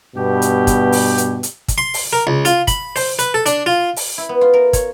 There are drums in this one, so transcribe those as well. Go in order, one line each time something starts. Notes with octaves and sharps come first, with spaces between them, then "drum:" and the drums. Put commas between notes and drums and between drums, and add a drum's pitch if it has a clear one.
G2 B2 B3 G4
drum: hi-hat
drum: kick, hi-hat
drum: open hi-hat
drum: hi-hat
drum: hi-hat
drum: kick, hi-hat
C6
drum: open hi-hat
A#4
C#2
F4, drum: hi-hat
B5, drum: kick, hi-hat
C5, drum: open hi-hat
B4, drum: hi-hat
A4
D4, drum: hi-hat
F4
drum: open hi-hat
E4
B3
F4
A#4
C#5, drum: kick, hi-hat